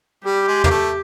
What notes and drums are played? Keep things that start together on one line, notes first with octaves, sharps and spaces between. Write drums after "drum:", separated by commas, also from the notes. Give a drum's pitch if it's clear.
G3 G4
G#3
A#3, drum: tom
A3